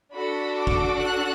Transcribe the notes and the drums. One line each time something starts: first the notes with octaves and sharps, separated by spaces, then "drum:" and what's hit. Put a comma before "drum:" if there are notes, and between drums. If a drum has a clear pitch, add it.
D4 F#4 A4 B5
D6
drum: kick
F#6